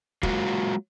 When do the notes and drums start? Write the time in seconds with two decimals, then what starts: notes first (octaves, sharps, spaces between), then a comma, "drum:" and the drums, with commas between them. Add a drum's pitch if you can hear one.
0.23 F#3 G#3 A#3 F4 F#4, drum: kick